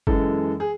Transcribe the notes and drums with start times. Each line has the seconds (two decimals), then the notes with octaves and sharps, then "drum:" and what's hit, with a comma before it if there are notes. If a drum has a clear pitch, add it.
0.07 F#2 E3 G#3 A4, drum: kick G1
0.60 G#4